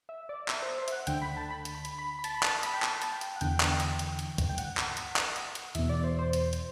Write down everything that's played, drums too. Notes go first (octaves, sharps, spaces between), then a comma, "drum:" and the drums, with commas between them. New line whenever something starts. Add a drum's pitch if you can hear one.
E5
D5
E5, drum: clap
C5
C5
E5, drum: hi-hat
F#5
D2 D3 G5, drum: hi-hat
B5
A5
B5
drum: hi-hat
B5
drum: hi-hat
B5
B5
A5, drum: hi-hat
B5
A5, drum: clap
B5, drum: hi-hat
G5
A5, drum: clap
A5, drum: hi-hat
G5
drum: hi-hat
F#5
E2 D3 G5, drum: hi-hat
drum: clap
drum: hi-hat
drum: hi-hat
drum: hi-hat
drum: kick, hi-hat
G5
F#5, drum: hi-hat
drum: clap
drum: hi-hat
drum: clap
drum: hi-hat
drum: hi-hat
E2 B2 E5, drum: hi-hat
D5
C5
C5
drum: hi-hat
drum: hi-hat